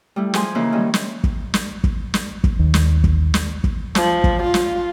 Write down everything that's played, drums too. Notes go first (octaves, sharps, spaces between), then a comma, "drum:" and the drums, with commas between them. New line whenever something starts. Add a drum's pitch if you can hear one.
G3 A3 E4
F3 G#4 G#5 C6, drum: snare
C#3 E3 A#3 D#4 E4
D#3 E3 G3 G#3 C#4
drum: snare
drum: kick
drum: snare
drum: kick
drum: snare
drum: kick
D#2
drum: snare
drum: kick
drum: snare
drum: kick
F3, drum: snare
drum: kick
F4
drum: snare